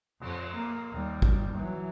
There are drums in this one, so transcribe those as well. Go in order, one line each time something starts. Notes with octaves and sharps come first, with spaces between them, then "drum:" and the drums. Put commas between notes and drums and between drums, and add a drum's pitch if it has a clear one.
F2, drum: cymbal
A#3
D#2 G3
drum: kick
E3 F#3